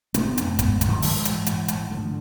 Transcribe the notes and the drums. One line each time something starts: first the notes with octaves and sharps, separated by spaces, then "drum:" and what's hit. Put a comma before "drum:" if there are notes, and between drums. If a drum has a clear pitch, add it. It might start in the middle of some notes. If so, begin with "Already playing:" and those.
C3 A3 C4, drum: hi-hat
B3 D4
F2, drum: hi-hat
A3 C4
F2 G#3 B3, drum: kick, hi-hat
C3, drum: kick, hi-hat
D3 F3
G#2 E3 G#3, drum: open hi-hat
G#2, drum: hi-hat
G#2, drum: hi-hat
G#2, drum: hi-hat
D3 F3 A3